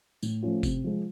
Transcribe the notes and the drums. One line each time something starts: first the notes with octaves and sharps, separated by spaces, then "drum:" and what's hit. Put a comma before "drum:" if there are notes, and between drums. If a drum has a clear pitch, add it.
A2, drum: tambourine
F3 A3 C#4 F4
C3, drum: kick F#1, tambourine
F3 G#3